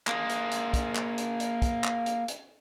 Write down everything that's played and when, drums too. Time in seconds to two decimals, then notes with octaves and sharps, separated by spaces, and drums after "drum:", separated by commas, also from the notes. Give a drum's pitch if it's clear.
0.07 A#3 G#4, drum: clap
0.29 drum: hi-hat
0.51 drum: hi-hat
0.74 drum: kick, hi-hat
0.96 drum: clap
1.18 drum: hi-hat
1.40 drum: hi-hat
1.62 drum: kick, hi-hat
1.84 drum: clap
2.06 drum: hi-hat
2.28 drum: hi-hat